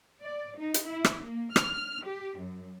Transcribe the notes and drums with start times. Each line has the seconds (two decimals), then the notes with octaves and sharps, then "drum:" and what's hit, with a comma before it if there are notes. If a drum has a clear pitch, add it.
0.22 D5
0.59 D#4
0.74 drum: hi-hat
0.88 E4
1.05 drum: rim click
1.25 A#3
1.56 F6, drum: rim click
2.07 G4
2.38 F#2